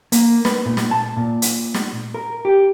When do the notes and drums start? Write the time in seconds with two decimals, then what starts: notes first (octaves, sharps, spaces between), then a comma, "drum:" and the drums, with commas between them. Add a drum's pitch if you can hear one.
0.12 A#3, drum: hi-hat
0.45 B4, drum: snare
0.66 A#2
0.77 drum: snare
0.91 A5
1.17 A#2
1.42 drum: hi-hat
1.74 drum: snare
2.14 A#4
2.45 G4